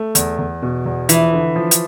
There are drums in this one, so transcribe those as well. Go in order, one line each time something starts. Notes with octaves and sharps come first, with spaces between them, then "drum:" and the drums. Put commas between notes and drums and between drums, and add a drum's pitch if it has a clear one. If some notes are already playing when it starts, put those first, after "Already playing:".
Already playing: A3
E2, drum: hi-hat
E2
B2
E2
E3 F3, drum: hi-hat
D3
F3
drum: hi-hat